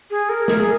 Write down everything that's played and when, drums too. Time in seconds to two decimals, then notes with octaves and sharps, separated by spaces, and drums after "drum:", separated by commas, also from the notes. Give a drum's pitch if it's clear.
0.10 G#4
0.29 A#4
0.48 A#4, drum: snare
0.59 G#4